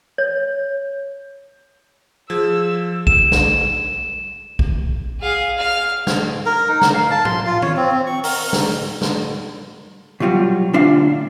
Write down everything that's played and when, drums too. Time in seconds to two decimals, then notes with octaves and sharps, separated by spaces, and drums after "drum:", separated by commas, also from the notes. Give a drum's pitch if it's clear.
0.18 C#5
2.30 F3 G#4 E6
3.07 E7, drum: kick A#1
3.32 drum: snare
4.59 drum: kick A#1
5.21 G#4 F5
5.58 F5 F6
6.07 drum: snare
6.46 A#4
6.69 D#4
6.81 A#4, drum: snare
6.94 F5
7.11 A5
7.25 C6, drum: tom
7.46 F4
7.62 C#5, drum: tom
7.77 C4
7.92 C4
8.07 C#6
8.24 A#4, drum: open hi-hat
8.53 drum: snare
9.01 drum: snare
10.20 B2 F#3 G3 F4 F#4
10.73 D2 A#2 D4 F4 E5 F5